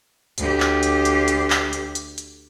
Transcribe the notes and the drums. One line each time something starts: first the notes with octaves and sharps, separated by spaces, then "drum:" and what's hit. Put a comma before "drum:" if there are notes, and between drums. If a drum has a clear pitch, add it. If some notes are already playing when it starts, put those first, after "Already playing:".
D2 G4, drum: hi-hat
drum: clap
drum: hi-hat
drum: hi-hat
drum: hi-hat
drum: clap
drum: hi-hat
drum: hi-hat
drum: hi-hat